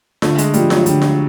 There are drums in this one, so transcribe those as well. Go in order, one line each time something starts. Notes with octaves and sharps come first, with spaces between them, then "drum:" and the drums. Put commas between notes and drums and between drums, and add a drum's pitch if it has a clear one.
D3 A3, drum: snare F4
G#3, drum: hi-hat
F3 G3 A3, drum: hi-hat
F#3, drum: snare F4
D3 G3, drum: hi-hat
drum: snare F4